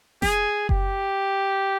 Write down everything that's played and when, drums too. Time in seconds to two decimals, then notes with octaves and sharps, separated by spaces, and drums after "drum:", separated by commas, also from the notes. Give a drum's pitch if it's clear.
0.22 G#4, drum: snare F1
0.69 G4, drum: kick F#1